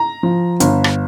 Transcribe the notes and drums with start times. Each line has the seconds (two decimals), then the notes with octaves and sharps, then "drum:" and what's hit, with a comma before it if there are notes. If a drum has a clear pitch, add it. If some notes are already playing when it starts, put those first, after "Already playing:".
Already playing: A#5
0.23 F3
0.60 G1, drum: hi-hat
0.84 drum: rim click